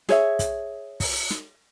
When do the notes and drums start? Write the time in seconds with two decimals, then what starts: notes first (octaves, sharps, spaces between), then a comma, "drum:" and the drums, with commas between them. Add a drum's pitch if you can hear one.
0.09 G#4 C#5 E5, drum: snare
0.39 drum: kick, hi-hat
1.00 drum: kick, open hi-hat
1.30 drum: snare